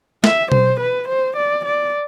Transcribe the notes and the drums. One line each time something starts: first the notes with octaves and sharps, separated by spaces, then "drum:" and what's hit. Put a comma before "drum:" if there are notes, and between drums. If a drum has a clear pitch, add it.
E5, drum: snare
C5, drum: tom B2
B4
C5
D5
D5